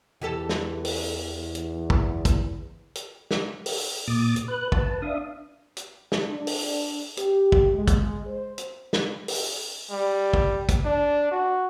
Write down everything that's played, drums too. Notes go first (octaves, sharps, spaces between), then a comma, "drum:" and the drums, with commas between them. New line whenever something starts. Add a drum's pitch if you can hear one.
E2 E3 G4 A4
drum: snare
drum: open hi-hat
drum: hi-hat
drum: kick
drum: kick, hi-hat
drum: hi-hat
drum: snare
drum: open hi-hat
A#2 D6 D#6 A6
drum: hi-hat
B4 F#6
B4 A5, drum: kick
D4 E5 F5 D#6
drum: hi-hat
drum: snare
D4
drum: open hi-hat
G4, drum: hi-hat
drum: kick
G#3
drum: kick, hi-hat
C5
drum: hi-hat
drum: snare
drum: open hi-hat
G3
drum: kick
drum: kick, hi-hat
D4
F#4